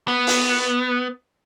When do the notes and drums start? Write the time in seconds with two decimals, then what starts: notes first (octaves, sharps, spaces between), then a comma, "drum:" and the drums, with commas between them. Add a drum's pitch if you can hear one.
0.08 B3
0.27 drum: open hi-hat